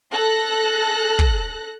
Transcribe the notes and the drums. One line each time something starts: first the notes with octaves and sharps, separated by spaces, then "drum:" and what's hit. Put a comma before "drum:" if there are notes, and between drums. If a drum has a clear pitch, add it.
A4 F#6 A#6
drum: kick